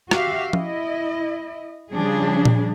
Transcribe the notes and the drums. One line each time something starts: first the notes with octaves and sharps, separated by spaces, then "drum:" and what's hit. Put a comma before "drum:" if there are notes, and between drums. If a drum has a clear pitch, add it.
F#4 G4 E5 F5, drum: rim click
E4 D#5, drum: tom F3
C#3 F3 G3 D4 G#4
drum: tom A#2